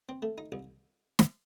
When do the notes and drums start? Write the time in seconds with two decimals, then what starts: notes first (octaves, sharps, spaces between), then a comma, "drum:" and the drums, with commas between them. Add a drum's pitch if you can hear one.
0.09 C4
0.22 A3
0.38 D#4
0.52 C2
1.19 drum: snare